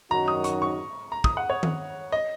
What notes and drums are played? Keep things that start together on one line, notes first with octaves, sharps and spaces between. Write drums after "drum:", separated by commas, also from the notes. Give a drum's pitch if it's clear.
F#2 D#3 F#3 D#4 F#4 A#5
D#6
C#6, drum: hi-hat
C#6
A#5
D#6, drum: kick
F#5
C#5
drum: tom D#3
D#5